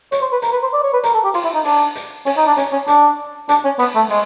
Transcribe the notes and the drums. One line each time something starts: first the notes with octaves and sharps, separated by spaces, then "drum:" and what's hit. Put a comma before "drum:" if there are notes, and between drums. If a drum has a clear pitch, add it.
C#5, drum: hi-hat
C5
B4
A#4, drum: hi-hat
B4
C5
D5
C#5
B4
A#4, drum: hi-hat
A4
G4
F4, drum: open hi-hat
E4
D#4
D4, drum: open hi-hat
drum: hi-hat
C#4, drum: open hi-hat
D#4
D4
C#4, drum: hi-hat
C#4
D4, drum: hi-hat
D4, drum: hi-hat
C#4
B3, drum: open hi-hat
A3
G#3, drum: open hi-hat